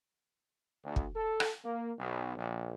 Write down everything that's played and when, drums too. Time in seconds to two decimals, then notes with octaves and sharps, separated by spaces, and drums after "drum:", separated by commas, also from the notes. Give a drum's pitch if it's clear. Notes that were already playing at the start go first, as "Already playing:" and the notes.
0.84 D2
0.96 drum: kick
1.15 A4
1.40 drum: rim click
1.63 A#3
1.99 B1
2.37 A#1